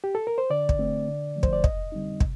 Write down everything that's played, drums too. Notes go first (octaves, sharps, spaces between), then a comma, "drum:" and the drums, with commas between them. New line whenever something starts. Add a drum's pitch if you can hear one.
G4
A4
A#4
C5
D3 D5
drum: kick
A3 C4
D3
F3 A3
C5, drum: kick
D5
F2 D#5, drum: kick
D3 G3 C4 D#4
C3, drum: kick